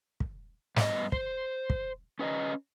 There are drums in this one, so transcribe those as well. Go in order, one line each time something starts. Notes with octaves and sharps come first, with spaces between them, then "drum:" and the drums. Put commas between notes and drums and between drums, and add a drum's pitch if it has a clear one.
drum: kick
G2 B3 D#5, drum: snare
C5, drum: kick
drum: kick
C#4 B4 D5 D#5 A#5